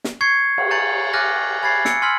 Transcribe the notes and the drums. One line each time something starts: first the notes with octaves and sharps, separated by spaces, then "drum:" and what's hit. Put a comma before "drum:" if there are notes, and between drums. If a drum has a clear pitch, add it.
drum: snare
C#6 G#6 C7 C#7
drum: cymbal
G#5 A#5 G6 A6 C#7 F#7
G#5 D6 F6 F#6 A6 A#6
G#5 B5 G#6 A6 C7
E6 C#7 D7, drum: snare
G#5 C6 E6 F6 B6 F#7